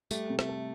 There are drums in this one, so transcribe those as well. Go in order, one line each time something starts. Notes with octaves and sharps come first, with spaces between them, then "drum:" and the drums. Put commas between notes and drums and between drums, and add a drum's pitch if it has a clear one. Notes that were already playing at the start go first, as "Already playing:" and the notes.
G3 A3, drum: tambourine
C3
A3, drum: rim click
A4